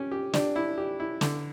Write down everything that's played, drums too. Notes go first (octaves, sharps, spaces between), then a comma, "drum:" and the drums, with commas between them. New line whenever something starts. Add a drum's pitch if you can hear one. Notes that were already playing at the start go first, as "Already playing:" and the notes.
Already playing: C#4 G4
G4
D4 G4, drum: snare
E4
G4
E4
D3, drum: snare